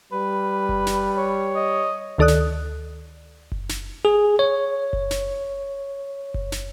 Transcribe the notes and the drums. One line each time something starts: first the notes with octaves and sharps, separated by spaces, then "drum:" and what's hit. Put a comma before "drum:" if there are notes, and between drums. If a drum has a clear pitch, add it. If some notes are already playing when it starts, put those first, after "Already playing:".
G3 B4
drum: kick F#1
drum: snare
C#5
D#5
D2 D#3 A4 D5 D#6 F#6
drum: snare
drum: kick F#1
drum: snare
G#4
C#5
drum: kick F#1
drum: snare
drum: kick F#1
drum: snare